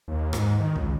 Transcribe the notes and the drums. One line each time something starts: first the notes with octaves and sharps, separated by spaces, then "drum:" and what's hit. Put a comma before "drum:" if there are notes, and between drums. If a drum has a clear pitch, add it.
D#2
G#2, drum: rim click
D#3
C#2, drum: kick